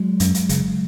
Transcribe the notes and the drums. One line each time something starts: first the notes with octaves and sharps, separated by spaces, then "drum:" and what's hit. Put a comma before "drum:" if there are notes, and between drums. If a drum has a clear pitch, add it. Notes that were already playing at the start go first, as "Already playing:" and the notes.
Already playing: F#3 G#3
F#2, drum: hi-hat
drum: hi-hat
C#3, drum: kick, hi-hat